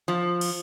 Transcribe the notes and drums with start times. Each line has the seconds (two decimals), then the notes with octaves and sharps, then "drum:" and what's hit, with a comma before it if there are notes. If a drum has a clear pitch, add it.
0.08 F3
0.41 drum: cymbal